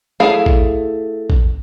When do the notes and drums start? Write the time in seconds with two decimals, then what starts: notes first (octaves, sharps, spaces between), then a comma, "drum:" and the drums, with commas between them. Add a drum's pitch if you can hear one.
0.20 A3 E4 G#4 F5
0.46 drum: kick
1.30 drum: kick